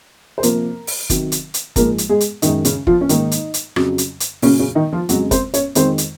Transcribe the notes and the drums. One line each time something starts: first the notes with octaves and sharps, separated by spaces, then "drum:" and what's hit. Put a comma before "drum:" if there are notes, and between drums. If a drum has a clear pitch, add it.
C5
C3 F3 A#3 A#4, drum: hi-hat
drum: open hi-hat
C3 D#3 F#3, drum: kick, hi-hat
drum: hi-hat
drum: hi-hat
G#2 F3 G#3 A#3 A#4, drum: kick, hi-hat
drum: hi-hat
G#3 G#4
drum: hi-hat
F#2 D#3 G#3 D#4, drum: hi-hat
C#3 C#4, drum: hi-hat
F3 F4, drum: kick
C#4
G#2 D#3 A#3 D#4, drum: hi-hat
drum: hi-hat
drum: hi-hat
F2 C#3 F#3, drum: rim click
drum: hi-hat
drum: hi-hat
A#2 C#3 F#3 A#3 C#4, drum: open hi-hat
C#3 C#4
D#3 D#4
F3 F4
F2 C#3 F#3 G#3 F#4, drum: hi-hat
C4 C5, drum: kick, hi-hat
C#4 C#5, drum: hi-hat
F2 D#3 G#3 C4 C5, drum: hi-hat
drum: hi-hat